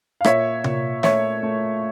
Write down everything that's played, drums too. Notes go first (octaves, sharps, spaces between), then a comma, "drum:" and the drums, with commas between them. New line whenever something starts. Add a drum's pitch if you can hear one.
F5
A#2 C#5 E5, drum: rim click
A#2, drum: tom C3
A3 C#5 E5, drum: snare
A3